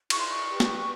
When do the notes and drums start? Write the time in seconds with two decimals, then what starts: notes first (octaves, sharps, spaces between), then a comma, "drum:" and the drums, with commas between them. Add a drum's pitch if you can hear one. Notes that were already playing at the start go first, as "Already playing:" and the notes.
0.10 E4 C#6, drum: cymbal
0.18 C6
0.27 C#6
0.48 G4 B4
0.60 drum: snare